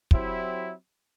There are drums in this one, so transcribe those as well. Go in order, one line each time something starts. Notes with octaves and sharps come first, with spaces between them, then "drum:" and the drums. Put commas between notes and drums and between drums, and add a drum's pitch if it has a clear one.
F#3 C4 E4 G4, drum: kick